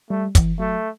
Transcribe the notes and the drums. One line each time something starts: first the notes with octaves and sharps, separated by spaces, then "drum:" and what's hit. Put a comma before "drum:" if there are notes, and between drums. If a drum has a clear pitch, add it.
G3 A3
E3, drum: kick, hi-hat
F#3 A3